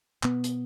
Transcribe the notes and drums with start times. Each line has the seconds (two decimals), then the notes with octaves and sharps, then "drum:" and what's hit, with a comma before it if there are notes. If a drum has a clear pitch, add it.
0.23 B2 B3, drum: clap
0.44 drum: hi-hat